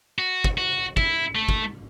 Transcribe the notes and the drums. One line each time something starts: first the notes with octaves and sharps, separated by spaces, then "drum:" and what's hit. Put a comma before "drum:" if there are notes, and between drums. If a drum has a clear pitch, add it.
F#4
drum: kick
F#4
E4, drum: kick
A3
drum: kick